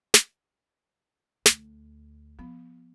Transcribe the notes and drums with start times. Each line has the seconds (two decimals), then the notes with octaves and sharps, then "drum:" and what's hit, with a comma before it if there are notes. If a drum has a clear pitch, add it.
0.14 drum: snare
1.46 D2, drum: snare
2.39 F3 B3 F4